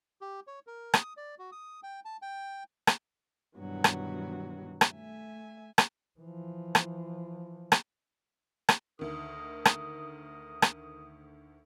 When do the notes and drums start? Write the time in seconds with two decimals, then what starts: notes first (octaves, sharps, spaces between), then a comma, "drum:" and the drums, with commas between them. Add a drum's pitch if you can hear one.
0.21 G4
0.47 C#5
0.67 A#4
0.94 D#6, drum: rim click
1.17 D5
1.39 F#4
1.52 D#6
1.83 G5
2.05 A5
2.22 G5
2.87 drum: rim click
3.58 G2 B2 D#3 E3 F#3 F#4
3.84 drum: rim click
4.81 drum: rim click
4.92 A3 E5 G#5
5.78 drum: rim click
6.20 E3 F3
6.75 drum: rim click
7.72 drum: rim click
8.69 drum: rim click
8.99 D2 D#3 A#4 D#6
9.65 drum: rim click
10.62 drum: rim click